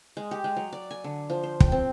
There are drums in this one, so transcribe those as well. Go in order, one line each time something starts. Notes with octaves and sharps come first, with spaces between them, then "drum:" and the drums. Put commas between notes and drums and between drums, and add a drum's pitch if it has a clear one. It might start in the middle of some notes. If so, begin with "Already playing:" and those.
G#3
G4
G#3
F#3
D5
G#5
D3
F3
C5
G5, drum: kick
C4